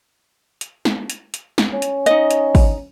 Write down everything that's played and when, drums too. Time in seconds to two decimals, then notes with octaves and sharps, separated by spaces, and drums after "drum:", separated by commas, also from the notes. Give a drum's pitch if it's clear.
0.61 drum: hi-hat
0.85 drum: snare
1.10 drum: hi-hat
1.34 drum: hi-hat
1.58 drum: snare
1.73 C#4
1.82 drum: hi-hat
2.06 D#4 D#5, drum: hi-hat
2.31 drum: hi-hat
2.55 drum: kick, open hi-hat